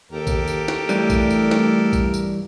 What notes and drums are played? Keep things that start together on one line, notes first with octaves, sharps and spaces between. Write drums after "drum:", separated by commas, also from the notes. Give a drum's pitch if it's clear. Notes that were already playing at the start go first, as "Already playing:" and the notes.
D#2 G4 A4 A#4
drum: kick A#1, tambourine
drum: tambourine
drum: snare
G2 E3 G3 A3, drum: tambourine
drum: kick A#1, tambourine
drum: tambourine
drum: snare
drum: kick A#1, tambourine
drum: tambourine